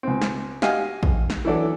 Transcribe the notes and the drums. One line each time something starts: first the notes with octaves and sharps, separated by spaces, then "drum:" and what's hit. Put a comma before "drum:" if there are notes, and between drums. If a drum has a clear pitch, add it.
C#2 C4
drum: snare
F#4 G4 D#5 F5 G#5, drum: snare
drum: kick
drum: snare
E3 F#3 D4 A4